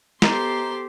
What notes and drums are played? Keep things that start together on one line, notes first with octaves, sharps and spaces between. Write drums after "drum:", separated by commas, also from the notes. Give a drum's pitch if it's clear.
B3 G4 A4 C5 D#5 A#5 C6, drum: snare